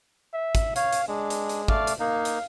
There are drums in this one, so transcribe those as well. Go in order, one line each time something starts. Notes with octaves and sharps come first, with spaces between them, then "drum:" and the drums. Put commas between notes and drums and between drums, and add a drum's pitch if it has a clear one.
E5
drum: kick, hi-hat
C#5 F5, drum: hi-hat
drum: hi-hat
G#3 D4
drum: hi-hat
drum: hi-hat
A3 D5 F5, drum: kick
drum: hi-hat
A#3 D#4 F5
drum: hi-hat